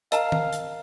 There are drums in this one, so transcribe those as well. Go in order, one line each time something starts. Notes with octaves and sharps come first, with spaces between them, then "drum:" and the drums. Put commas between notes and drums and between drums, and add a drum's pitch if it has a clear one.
A#4 D#5 F5 A5 A#5, drum: hi-hat
drum: tom
drum: hi-hat